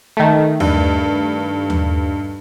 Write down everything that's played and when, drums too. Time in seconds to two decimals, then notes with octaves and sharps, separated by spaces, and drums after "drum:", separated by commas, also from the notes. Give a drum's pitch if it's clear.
0.17 D#3 A3
0.60 G2, drum: tom D#2
1.70 drum: tom D#2